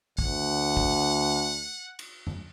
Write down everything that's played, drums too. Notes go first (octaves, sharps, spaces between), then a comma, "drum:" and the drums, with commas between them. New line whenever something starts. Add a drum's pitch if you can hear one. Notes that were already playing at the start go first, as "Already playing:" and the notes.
D2 F#5, drum: kick
drum: kick
drum: cymbal
drum: tom F2